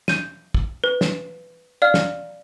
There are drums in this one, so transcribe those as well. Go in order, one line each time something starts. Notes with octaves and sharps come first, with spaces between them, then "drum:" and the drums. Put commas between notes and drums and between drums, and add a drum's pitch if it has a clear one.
G6 D#7, drum: snare
drum: kick
B4
drum: snare
D5 F5 F6
drum: snare